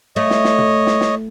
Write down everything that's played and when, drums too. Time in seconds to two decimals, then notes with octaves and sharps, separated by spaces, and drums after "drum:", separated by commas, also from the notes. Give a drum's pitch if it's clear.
0.16 A3 C#5 D#5
0.30 drum: snare
0.44 drum: snare
0.58 drum: tom
0.87 drum: snare
1.01 drum: snare